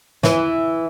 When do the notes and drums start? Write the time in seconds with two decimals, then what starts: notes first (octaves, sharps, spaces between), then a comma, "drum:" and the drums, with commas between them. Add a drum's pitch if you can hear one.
0.23 E3, drum: snare